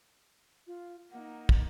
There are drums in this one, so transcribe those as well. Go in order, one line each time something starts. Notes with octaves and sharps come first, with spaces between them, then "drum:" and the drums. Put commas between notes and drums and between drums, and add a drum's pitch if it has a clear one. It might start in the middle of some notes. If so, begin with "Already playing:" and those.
F4
A#3 D#4 F#5
drum: kick